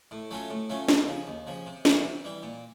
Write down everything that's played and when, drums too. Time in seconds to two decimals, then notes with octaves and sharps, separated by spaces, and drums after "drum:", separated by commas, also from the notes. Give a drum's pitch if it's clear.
0.11 A2
0.31 F#3 A3 C#4 F4
0.50 A2
0.69 F#3 A3 C#4 F4
0.89 D#2, drum: snare
1.08 C#3 F3
1.27 D#2
1.47 C#3 F3
1.66 C3
1.85 E3 G3, drum: snare
2.04 C3
2.24 E3 G3
2.43 A#2